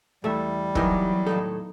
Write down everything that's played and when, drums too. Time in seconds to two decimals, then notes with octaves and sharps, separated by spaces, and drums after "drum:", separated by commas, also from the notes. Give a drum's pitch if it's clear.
0.24 E2 G3 A3 E4 E5
0.75 E3 F#3 B3 D#4 G4 A#4, drum: kick
1.27 D#2 A2 D#4 A4